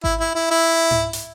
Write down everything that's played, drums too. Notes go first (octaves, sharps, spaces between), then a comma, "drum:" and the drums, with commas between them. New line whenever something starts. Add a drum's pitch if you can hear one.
E4, drum: kick G#1
E4
E4
E4
drum: tom G#2
drum: hi-hat